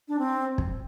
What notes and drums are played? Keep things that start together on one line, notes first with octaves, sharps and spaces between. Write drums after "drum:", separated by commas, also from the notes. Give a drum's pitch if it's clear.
D4
C4
drum: kick